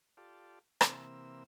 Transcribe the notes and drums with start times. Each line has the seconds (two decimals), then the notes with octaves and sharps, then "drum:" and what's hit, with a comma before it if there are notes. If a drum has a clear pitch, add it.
0.17 F4 G4 A4 D5
0.81 C3 E3 A#3 C4 E6, drum: rim click